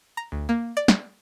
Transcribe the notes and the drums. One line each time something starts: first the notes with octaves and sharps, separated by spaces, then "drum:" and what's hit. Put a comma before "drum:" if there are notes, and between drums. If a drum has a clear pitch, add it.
A#5
D2
A#3
D5
drum: snare